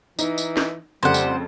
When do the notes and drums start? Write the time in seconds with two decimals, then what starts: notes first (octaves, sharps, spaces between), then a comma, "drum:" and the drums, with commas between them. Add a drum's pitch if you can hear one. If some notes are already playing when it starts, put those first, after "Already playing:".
0.19 E3 D#4, drum: tambourine
0.38 drum: tambourine
0.57 drum: snare
1.03 F2 C#3 G3 A3 C5 F#5
1.14 drum: tambourine